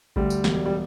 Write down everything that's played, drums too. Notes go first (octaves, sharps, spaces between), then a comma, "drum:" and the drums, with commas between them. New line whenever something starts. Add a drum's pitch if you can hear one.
D2 G3, drum: kick A1
drum: tambourine
E1, drum: snare
G3